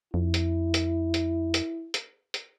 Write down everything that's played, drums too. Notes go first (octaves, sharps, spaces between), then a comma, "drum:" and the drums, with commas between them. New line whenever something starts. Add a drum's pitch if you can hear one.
F2 E4
drum: hi-hat
drum: hi-hat
drum: hi-hat
drum: hi-hat
drum: hi-hat
drum: hi-hat